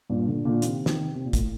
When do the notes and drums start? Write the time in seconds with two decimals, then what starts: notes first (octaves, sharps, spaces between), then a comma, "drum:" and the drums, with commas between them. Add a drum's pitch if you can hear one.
0.10 G2 A#2
0.27 A#2 D3
0.45 A#2 D3
0.62 C3 D#3, drum: hi-hat
0.86 C3 D#3, drum: snare
1.15 C3
1.25 A#2
1.33 A2, drum: kick, hi-hat